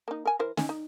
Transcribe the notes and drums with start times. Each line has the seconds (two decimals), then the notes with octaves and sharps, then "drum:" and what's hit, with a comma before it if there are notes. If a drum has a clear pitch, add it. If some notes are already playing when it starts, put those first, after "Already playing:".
0.08 A#3 D#4
0.25 A#4 G#5
0.39 E3 A#4 C5
0.57 C#4 D#4 G#5, drum: snare
0.69 D#4